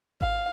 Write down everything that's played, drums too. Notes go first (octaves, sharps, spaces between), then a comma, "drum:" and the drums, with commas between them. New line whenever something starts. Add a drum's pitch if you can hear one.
F5, drum: kick G#1